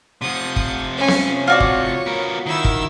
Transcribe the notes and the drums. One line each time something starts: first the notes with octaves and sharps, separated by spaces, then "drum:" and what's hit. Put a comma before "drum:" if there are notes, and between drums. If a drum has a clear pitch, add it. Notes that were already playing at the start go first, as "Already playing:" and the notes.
C3 F3 F#5 D#6
drum: kick
C#4 G#5
drum: snare B3
F4 F#4 C#5 D5
drum: kick
B3 A#4
D#3 E4 E6
drum: kick